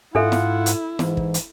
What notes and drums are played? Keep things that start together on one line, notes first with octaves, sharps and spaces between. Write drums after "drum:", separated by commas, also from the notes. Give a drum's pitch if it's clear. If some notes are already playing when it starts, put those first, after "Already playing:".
G#2 D4 E4 F4 A4 E5 F#5
drum: snare
drum: hi-hat
G#2 E3, drum: snare
drum: kick
drum: hi-hat